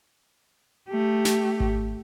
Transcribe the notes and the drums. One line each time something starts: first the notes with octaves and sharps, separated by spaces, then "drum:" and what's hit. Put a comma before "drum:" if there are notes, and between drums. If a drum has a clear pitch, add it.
A3 G4
drum: snare
drum: kick G#1